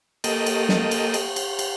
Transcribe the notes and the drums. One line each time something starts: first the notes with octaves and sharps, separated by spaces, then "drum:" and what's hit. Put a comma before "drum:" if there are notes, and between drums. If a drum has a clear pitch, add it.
A#3 G4 A4 D#5, drum: cymbal
drum: cymbal
drum: snare
drum: cymbal
drum: cymbal
drum: cymbal
drum: cymbal